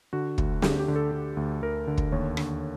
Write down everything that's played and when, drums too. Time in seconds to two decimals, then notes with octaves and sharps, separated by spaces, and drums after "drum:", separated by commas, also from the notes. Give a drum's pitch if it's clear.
0.13 D3 F#4
0.38 D2, drum: kick
0.62 D3 G4, drum: snare
0.79 G4
0.88 D3
0.96 A4
1.12 D3
1.37 D2
1.62 D2 A#4
1.87 D3
1.98 drum: kick
2.12 D#2 C#5
2.37 D3, drum: rim click